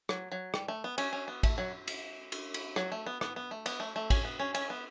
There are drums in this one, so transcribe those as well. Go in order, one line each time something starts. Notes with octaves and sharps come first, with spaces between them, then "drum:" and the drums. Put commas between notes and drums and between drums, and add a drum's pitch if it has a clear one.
F#3, drum: rim click
F#3
G3, drum: rim click
A3
B3
C#4, drum: cymbal
C#4
B3
A3, drum: kick, cymbal
F#3
drum: cymbal
drum: cymbal
drum: cymbal
F#3, drum: rim click
A3
B3
B3, drum: rim click
B3
A3
B3, drum: cymbal
A3
A3
C#4, drum: kick, cymbal
B3
C#4
C#4, drum: cymbal
B3